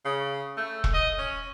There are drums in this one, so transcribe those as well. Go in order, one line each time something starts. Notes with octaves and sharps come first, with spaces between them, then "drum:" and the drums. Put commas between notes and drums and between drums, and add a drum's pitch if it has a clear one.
C#3
A3
drum: kick E1
D#5
C#4